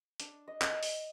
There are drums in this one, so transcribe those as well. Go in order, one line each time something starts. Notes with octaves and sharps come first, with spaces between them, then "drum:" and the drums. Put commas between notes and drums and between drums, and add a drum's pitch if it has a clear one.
D4, drum: hi-hat
D#5
drum: clap
drum: open hi-hat